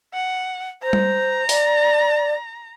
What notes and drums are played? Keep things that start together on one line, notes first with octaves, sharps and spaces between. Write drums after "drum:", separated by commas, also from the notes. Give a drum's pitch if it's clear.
F#5
C5 A#5
drum: tom G3
D5, drum: open hi-hat